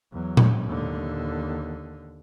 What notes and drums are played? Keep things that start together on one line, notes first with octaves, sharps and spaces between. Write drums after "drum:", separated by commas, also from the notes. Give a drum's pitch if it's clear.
E2 F#3
drum: tom A#2
D#2 D3